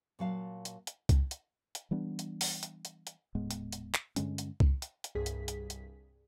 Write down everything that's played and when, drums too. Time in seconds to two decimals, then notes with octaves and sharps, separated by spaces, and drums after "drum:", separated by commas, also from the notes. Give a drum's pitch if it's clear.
0.19 A#2 F#3 F5 A5
0.65 drum: hi-hat
0.87 drum: hi-hat
1.09 drum: kick C2, hi-hat
1.31 drum: hi-hat
1.75 drum: hi-hat
1.91 E3 G3 B3 D4
2.19 drum: hi-hat
2.41 drum: open hi-hat
2.63 drum: hi-hat
2.85 drum: hi-hat
3.07 drum: hi-hat
3.35 D#1 A2 G#3 B3
3.51 drum: hi-hat
3.72 drum: hi-hat
3.94 drum: clap
4.16 G2 D3 G#3 C#4, drum: hi-hat
4.38 drum: hi-hat
4.60 drum: kick C2
4.82 drum: hi-hat
5.04 drum: hi-hat
5.15 C2 G2 G#4 B6
5.26 drum: hi-hat
5.48 drum: hi-hat
5.70 drum: hi-hat